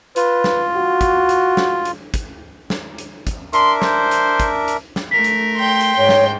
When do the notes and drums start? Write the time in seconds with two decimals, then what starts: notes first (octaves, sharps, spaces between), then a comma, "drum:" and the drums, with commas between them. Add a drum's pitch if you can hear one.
0.16 F4 B4, drum: hi-hat
0.44 drum: snare
0.76 F#4
1.01 drum: kick, hi-hat
1.29 drum: hi-hat
1.57 drum: snare
1.85 drum: hi-hat
2.14 drum: kick, hi-hat
2.70 drum: snare
2.98 drum: hi-hat
3.27 drum: kick, hi-hat
3.53 D4 A#4 E5 C6, drum: hi-hat
3.82 C5, drum: snare
4.11 drum: hi-hat
4.40 drum: kick, hi-hat
4.68 drum: hi-hat
4.96 drum: snare
5.11 A3 A#4 B6
5.24 drum: hi-hat
5.56 G5 C6
5.81 drum: hi-hat
5.98 G#2 C#5
6.09 drum: snare